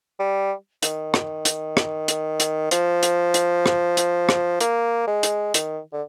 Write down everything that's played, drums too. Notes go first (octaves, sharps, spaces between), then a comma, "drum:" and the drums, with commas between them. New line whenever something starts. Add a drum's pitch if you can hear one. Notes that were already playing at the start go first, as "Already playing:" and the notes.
G3
D#3, drum: hi-hat
drum: rim click
drum: hi-hat
drum: rim click
drum: hi-hat
drum: hi-hat
F3, drum: hi-hat
drum: hi-hat
drum: hi-hat
drum: rim click
drum: hi-hat
drum: rim click
A#3, drum: hi-hat
G#3
drum: hi-hat
D#3, drum: hi-hat
D3